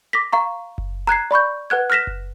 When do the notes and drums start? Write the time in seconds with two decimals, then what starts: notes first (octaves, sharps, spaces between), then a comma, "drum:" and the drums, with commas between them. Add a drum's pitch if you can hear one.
0.13 D6 A#6 B6
0.33 F5 A#5 C#6
0.78 drum: kick F#1
1.07 A#5 F#6 G#6 C7
1.31 D5 B5 C#6 G6
1.70 B4 F#5 F#6 G#6
1.90 F6 F#6 A#6 B6 E7
2.07 drum: kick F#1